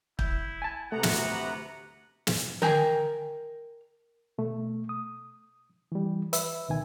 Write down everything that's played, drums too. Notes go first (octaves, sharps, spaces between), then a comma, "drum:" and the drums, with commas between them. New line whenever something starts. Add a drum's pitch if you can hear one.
E4 G6, drum: kick
G#5 A5
D2 C3 A3 B3 F#4 F#5 A#5
drum: snare
drum: snare
A#4 G5 G#5, drum: tom D3
B2 A3
D#6
E3 G3
B4 E5 E6, drum: hi-hat
C#2 B2 D#3 G#5